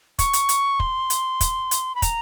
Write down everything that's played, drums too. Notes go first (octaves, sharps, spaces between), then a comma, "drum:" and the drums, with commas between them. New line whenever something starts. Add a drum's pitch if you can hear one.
C#6, drum: kick, hi-hat
drum: hi-hat
drum: hi-hat
C6, drum: kick
drum: hi-hat
drum: kick, hi-hat
drum: hi-hat
B5
A#5, drum: kick, hi-hat